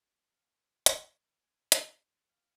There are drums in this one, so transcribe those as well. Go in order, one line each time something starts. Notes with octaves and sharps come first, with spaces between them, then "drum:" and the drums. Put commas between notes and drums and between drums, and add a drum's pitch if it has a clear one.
D4
F5
D4
C5
E5, drum: hi-hat
C#5
G3
G#5
B4, drum: hi-hat
C5
C4
F5